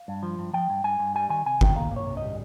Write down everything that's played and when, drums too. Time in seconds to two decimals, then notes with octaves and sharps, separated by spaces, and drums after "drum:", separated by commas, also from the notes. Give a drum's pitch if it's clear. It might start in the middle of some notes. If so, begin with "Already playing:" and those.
Already playing: F5
0.08 G2
0.23 F3
0.39 G2
0.53 F3 G5
0.70 G2
0.84 G2 G#5
0.99 G2
1.15 G3 G#5
1.30 D#3 G#5
1.46 C3 G#5
1.61 D#3 G5, drum: kick G1
1.76 A#3 F5
1.91 A#3 C#5
2.07 C3
2.17 G3 D#5